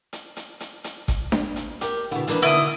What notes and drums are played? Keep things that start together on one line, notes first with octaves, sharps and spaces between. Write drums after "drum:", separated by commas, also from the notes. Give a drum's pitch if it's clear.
drum: hi-hat
drum: hi-hat
drum: hi-hat
drum: hi-hat
drum: kick G#1, hi-hat
drum: snare D4
drum: hi-hat
G4 A#4, drum: hi-hat
B2 D3 E4
D#3 E3 A#3 D4 B4, drum: hi-hat
B2 D3 E4 G5 D#6